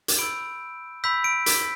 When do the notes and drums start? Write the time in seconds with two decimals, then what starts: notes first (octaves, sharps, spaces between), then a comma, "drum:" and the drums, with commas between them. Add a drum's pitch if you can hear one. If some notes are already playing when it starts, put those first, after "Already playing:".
0.08 drum: hi-hat
0.19 B5 E6 G6 D7
1.04 B5 E6 G6 B6
1.24 D7
1.46 B6, drum: hi-hat